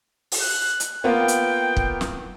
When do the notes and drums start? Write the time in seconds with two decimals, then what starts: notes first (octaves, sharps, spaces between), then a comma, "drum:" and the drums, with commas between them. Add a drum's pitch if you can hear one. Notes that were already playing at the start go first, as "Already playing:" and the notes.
0.32 drum: open hi-hat
0.41 F#6
0.80 drum: hi-hat
1.04 A#3 B3 F4 G5
1.28 drum: hi-hat
1.77 drum: kick
2.01 drum: snare